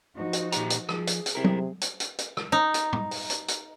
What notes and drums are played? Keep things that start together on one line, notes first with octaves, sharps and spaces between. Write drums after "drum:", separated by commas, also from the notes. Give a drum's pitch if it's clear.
F3 D#4 F#4
drum: hi-hat
A#2 G4 A#5, drum: hi-hat
drum: hi-hat
F3 G#4, drum: rim click
drum: hi-hat
drum: hi-hat
C3 E4 A#4
drum: tom
drum: hi-hat
drum: hi-hat
drum: hi-hat
drum: rim click
D#4
drum: hi-hat
drum: tom
drum: open hi-hat
drum: hi-hat
drum: hi-hat